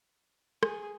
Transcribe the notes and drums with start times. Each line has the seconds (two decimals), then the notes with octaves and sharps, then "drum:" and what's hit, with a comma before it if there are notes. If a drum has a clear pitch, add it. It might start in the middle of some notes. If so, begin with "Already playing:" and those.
0.63 G#4, drum: rim click